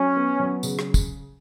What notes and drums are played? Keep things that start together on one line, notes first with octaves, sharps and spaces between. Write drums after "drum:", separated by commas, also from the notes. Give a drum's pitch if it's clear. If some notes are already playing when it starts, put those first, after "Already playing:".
Already playing: F#3 C#4
B3
F#3
C#3, drum: tambourine
drum: rim click
drum: kick, tambourine